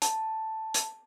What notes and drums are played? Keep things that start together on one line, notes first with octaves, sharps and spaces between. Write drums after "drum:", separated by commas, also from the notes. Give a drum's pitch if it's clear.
A5, drum: hi-hat
drum: hi-hat